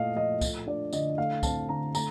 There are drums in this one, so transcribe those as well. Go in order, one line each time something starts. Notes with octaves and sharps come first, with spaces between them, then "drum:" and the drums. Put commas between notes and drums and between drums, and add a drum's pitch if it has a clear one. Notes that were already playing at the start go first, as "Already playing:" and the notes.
Already playing: A#2 A3 D#5 F5
F3 D#5
A3, drum: kick C#2, tambourine
D4 D5
D3 D#5, drum: tambourine
A3 F5
C4 A5, drum: kick C#2, tambourine
D3 A#5
A3 A#5, drum: tambourine